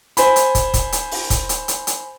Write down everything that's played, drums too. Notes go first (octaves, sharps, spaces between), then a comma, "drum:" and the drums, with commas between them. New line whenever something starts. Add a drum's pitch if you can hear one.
C5 G#5 B5, drum: hi-hat
drum: hi-hat
drum: kick, hi-hat
drum: kick, hi-hat
drum: hi-hat
drum: open hi-hat
drum: kick, hi-hat
drum: hi-hat
drum: hi-hat
drum: hi-hat